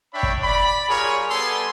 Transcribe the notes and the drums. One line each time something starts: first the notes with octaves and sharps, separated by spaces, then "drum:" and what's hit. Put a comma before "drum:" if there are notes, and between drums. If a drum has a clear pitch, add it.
D4 C#5 E5 G5 B5
drum: kick
D5 B5
G3 F4 G#4 A#4 C#5
G3 B3 A4 G#5 C6